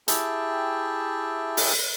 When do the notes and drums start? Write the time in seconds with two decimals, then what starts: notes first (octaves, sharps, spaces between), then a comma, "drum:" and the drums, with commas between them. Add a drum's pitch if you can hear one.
0.08 E4 G4 G#4 E5 G5 A5, drum: hi-hat
1.57 drum: open hi-hat